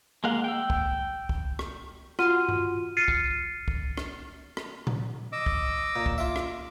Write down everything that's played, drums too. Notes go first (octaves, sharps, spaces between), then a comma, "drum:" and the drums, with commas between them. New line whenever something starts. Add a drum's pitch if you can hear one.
G#3 A#3 F5 F#5
G5 E6
drum: kick
drum: kick
drum: rim click
F4 F#4 F#5 C6 F6 D#7, drum: rim click
drum: tom G2
F6 A6 C7 C#7 D#7
drum: kick
drum: kick
drum: rim click
drum: rim click
drum: tom A#2
D#5 D6 E6
drum: kick
A#2
drum: kick
F4 E5 D6
drum: rim click